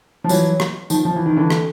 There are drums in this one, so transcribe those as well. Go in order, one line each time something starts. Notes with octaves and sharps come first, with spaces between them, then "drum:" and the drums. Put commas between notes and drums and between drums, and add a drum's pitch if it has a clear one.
F3
E3 F#3, drum: tambourine
drum: rim click
D#3 F3, drum: tambourine
F3
E3
D#3
D3 E3
drum: rim click